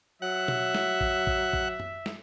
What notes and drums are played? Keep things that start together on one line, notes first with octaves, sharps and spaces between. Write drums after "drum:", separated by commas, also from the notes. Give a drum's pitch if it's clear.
F#3 E5 F#5
drum: tom B2
drum: snare
drum: kick
drum: kick
drum: kick
drum: tom F#2
drum: snare